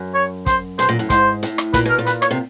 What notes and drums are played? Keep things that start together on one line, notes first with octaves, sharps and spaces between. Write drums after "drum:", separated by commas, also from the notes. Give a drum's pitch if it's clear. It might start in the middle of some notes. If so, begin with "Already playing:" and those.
Already playing: F#2
C#5
C5, drum: kick, hi-hat
B2 C5, drum: hi-hat
A#2
A2
G#2 C5, drum: kick, hi-hat
A2, drum: hi-hat
drum: rim click
A#2 B4, drum: kick, hi-hat
B2 A#4
A#2
B4, drum: hi-hat
C#5, drum: rim click
C3